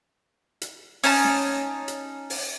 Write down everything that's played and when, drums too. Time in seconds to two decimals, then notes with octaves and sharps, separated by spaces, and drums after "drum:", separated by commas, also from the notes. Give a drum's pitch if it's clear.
0.61 drum: hi-hat
1.04 C#4 D#4 A5, drum: open hi-hat
1.25 drum: snare
1.88 drum: hi-hat
2.30 drum: open hi-hat